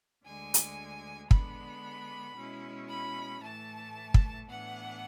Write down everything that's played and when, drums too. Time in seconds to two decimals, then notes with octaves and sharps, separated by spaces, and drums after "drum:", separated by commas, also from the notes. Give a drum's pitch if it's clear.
0.25 D2 D3 G#3 G#5
0.54 drum: hi-hat
1.31 D3 G#3 B3 D4 B5, drum: kick
2.37 B2 G#3 C#4 E4
2.90 B5
3.42 A2 E3 A3 A5
4.14 drum: kick
4.48 A2 E3 B3 D4 F#5